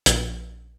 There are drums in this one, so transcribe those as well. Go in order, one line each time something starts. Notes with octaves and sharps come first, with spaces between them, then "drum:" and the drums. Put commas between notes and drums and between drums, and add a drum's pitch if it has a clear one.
A#1, drum: hi-hat